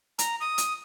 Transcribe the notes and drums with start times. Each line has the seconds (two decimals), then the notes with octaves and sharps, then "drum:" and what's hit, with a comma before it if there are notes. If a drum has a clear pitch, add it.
0.19 A#5, drum: hi-hat
0.40 D#6
0.58 drum: hi-hat